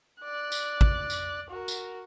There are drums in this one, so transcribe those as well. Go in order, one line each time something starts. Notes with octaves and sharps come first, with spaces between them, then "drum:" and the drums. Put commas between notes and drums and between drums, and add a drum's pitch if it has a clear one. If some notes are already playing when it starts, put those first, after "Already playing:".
D5 F#6
drum: tambourine
drum: kick A1
drum: tambourine
F#4 A#4
drum: tambourine